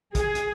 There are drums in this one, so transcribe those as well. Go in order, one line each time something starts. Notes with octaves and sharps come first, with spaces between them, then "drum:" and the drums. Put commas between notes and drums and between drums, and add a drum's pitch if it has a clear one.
G#4, drum: kick, hi-hat
drum: hi-hat